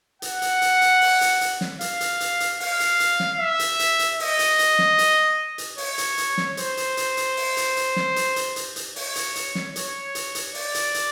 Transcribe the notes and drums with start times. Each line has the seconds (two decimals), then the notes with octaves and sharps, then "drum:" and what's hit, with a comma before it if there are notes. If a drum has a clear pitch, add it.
0.22 F#5, drum: hi-hat
0.42 drum: hi-hat
0.62 drum: hi-hat
0.81 drum: hi-hat
1.01 drum: open hi-hat
1.21 drum: hi-hat
1.41 drum: hi-hat
1.61 drum: snare
1.81 F5, drum: hi-hat
2.01 drum: hi-hat
2.20 drum: hi-hat
2.40 drum: hi-hat
2.60 F5, drum: open hi-hat
2.80 drum: hi-hat
3.00 drum: hi-hat
3.20 drum: snare
3.39 E5
3.59 drum: hi-hat
3.79 drum: hi-hat
3.99 drum: hi-hat
4.20 D#5, drum: open hi-hat
4.39 drum: hi-hat
4.59 drum: hi-hat
4.79 drum: snare
4.98 drum: hi-hat
5.58 drum: hi-hat
5.78 C#5, drum: open hi-hat
5.98 drum: hi-hat
6.18 drum: hi-hat
6.38 drum: snare
6.57 C5, drum: hi-hat
6.77 drum: hi-hat
6.97 drum: hi-hat
7.17 drum: hi-hat
7.37 drum: open hi-hat
7.57 drum: hi-hat
7.77 drum: hi-hat
7.96 drum: snare
8.16 drum: hi-hat
8.36 drum: hi-hat
8.56 drum: hi-hat
8.76 drum: hi-hat
8.96 C#5, drum: open hi-hat
9.16 drum: hi-hat
9.35 drum: hi-hat
9.55 drum: snare
9.76 C#5, drum: hi-hat
10.15 drum: hi-hat
10.35 drum: hi-hat
10.54 D5, drum: open hi-hat
10.74 drum: hi-hat
10.94 drum: hi-hat